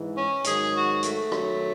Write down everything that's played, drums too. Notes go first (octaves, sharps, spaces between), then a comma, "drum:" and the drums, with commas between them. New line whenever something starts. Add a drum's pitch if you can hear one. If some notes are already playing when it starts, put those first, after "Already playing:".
Already playing: G#2 E3
C#4
G#2 D#3 F#3 G#4, drum: hi-hat
F#4
A3, drum: hi-hat
F#2 D#3 F#3, drum: rim click